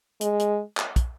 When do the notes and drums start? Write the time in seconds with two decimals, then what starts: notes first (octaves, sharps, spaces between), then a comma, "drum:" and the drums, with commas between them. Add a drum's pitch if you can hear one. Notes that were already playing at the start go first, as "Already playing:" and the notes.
0.21 G#3, drum: hi-hat
0.40 drum: hi-hat
0.77 drum: clap
0.96 drum: kick, hi-hat